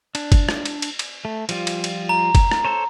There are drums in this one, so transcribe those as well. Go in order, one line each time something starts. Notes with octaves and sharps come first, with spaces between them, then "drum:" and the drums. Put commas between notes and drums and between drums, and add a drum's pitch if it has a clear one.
D4, drum: cymbal
drum: kick F#1, cymbal
drum: rim click
drum: cymbal
drum: cymbal
drum: cymbal
A3
F3 G3 F4, drum: cymbal
drum: cymbal
drum: cymbal
A#5
drum: kick F#1, cymbal
drum: rim click
A4 C5 C#5